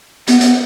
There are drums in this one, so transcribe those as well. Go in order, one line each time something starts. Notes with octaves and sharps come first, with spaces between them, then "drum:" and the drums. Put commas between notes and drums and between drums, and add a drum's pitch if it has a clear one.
B3, drum: hi-hat
B3, drum: hi-hat